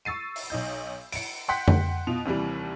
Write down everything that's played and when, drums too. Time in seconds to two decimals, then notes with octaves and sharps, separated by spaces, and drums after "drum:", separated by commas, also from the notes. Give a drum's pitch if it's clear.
0.05 C#6 E6 A6 C7 D#7
0.36 drum: open hi-hat
0.50 B1 D#4 D#5 G6
1.12 C#7 D7, drum: open hi-hat
1.48 F#5 G5 C6 F#6 G6 B6
1.68 drum: tom F2
2.07 B2 F4 F7
2.25 D#2 C3 E3 G3